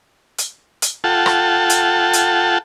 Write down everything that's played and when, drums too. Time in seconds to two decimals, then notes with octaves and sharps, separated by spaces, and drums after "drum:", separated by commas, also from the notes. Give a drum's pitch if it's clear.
0.38 drum: hi-hat
0.82 drum: hi-hat
1.04 F4 A4 F#5 G5 A5
1.26 drum: rim click
1.70 drum: hi-hat
2.13 drum: hi-hat